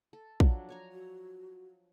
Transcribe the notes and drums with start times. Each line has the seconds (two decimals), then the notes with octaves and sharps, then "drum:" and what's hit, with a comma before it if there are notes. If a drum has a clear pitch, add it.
0.13 A4
0.40 F3 F#3 D4, drum: kick
0.69 C#5 G#5 A#5
0.92 F#4